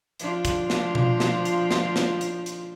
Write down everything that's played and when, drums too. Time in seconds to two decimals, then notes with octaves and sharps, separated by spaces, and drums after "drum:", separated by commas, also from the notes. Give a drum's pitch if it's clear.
0.19 F3 D4 F4, drum: hi-hat
0.45 drum: kick, hi-hat
0.70 drum: snare
0.95 drum: tom B2
1.20 drum: snare
1.45 drum: hi-hat
1.71 drum: snare
1.96 drum: snare
2.21 drum: hi-hat
2.46 drum: hi-hat